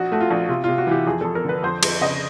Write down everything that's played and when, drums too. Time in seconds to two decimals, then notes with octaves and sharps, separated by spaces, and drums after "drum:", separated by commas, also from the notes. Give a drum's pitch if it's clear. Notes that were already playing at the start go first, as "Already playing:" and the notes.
Already playing: A#1 F#4
0.12 A3 F#4
0.21 F4
0.31 A#1
0.49 C3 F4
0.64 C3 F4
0.78 F#4
0.87 E3 G4
1.07 F2 G#4
1.21 F2 A4
1.35 A#4
1.45 D3 B4
1.63 F2 C5
1.83 F2, drum: cymbal
2.01 C#3 D#5